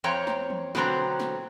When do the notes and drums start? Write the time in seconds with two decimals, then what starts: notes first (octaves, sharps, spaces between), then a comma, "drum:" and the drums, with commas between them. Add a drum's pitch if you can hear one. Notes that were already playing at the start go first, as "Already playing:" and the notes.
0.04 F2 C4 C#5 G5 A#5
0.27 drum: snare
0.50 drum: tom E3
0.75 B2 D3 F#3 C4 A#5, drum: snare
1.19 drum: snare